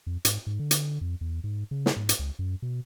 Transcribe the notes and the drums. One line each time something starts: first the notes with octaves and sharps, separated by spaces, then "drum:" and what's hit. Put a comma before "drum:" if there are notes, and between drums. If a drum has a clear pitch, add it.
F2
G#2, drum: hi-hat
G#2
D3
drum: hi-hat
F2
E2
G#2
C#3
drum: snare
G#2
drum: hi-hat
C#2
F#2
B2